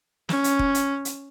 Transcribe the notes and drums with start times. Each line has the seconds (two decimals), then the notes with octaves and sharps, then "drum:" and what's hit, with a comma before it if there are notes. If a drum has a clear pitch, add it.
0.29 C#4, drum: snare
0.44 drum: hi-hat
0.59 drum: kick
0.75 drum: hi-hat
1.05 drum: hi-hat